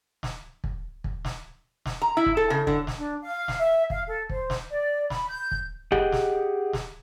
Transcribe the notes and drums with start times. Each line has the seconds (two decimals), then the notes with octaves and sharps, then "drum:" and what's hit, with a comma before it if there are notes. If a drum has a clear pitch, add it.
0.23 drum: snare
0.64 drum: kick
1.04 drum: kick
1.25 drum: snare
1.86 drum: snare
2.02 A#5
2.17 E4
2.26 drum: kick
2.37 A4
2.50 C#3
2.67 D3, drum: kick
2.87 drum: snare
2.97 D4
3.22 F5
3.48 drum: snare
3.58 E5
3.90 F5, drum: kick
4.07 A4
4.30 C5, drum: kick
4.50 drum: snare
4.70 D5
5.10 B5, drum: snare
5.29 G6
5.51 drum: kick
5.92 G4 G#4 D#5 F#5 G5, drum: kick
6.12 drum: snare
6.73 drum: snare